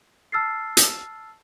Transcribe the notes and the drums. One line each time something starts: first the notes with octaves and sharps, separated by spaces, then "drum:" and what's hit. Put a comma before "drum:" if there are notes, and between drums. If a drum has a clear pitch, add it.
A5 E6 F6 A6 C7
drum: hi-hat